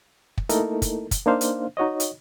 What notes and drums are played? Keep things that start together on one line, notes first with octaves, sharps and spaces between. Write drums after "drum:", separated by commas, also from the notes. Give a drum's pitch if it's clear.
drum: kick
A3 A#3 D#4 E4 A4 A#4, drum: hi-hat
drum: kick, hi-hat
drum: kick, hi-hat
A#3 D4 D#4 C5 F5
drum: hi-hat
D#4 F#4 C#5 D#5
drum: hi-hat